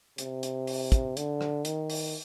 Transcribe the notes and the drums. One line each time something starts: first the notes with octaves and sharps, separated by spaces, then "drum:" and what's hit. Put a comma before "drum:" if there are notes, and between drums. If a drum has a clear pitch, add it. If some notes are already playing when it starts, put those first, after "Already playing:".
C3, drum: hi-hat
drum: hi-hat
drum: open hi-hat
drum: kick, hi-hat
D3, drum: hi-hat
drum: rim click
D#3, drum: hi-hat
drum: open hi-hat